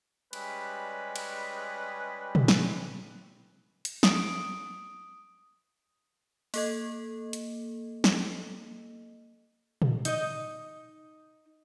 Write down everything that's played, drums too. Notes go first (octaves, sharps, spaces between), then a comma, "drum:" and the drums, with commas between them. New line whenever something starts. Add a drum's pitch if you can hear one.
G3 G#3 C#4 B4, drum: cymbal
drum: cymbal
drum: tom
drum: snare
drum: hi-hat
D#6 D7, drum: snare
A#3 A4 D#5, drum: open hi-hat
drum: hi-hat
drum: snare
drum: tom
D#4 D#5, drum: hi-hat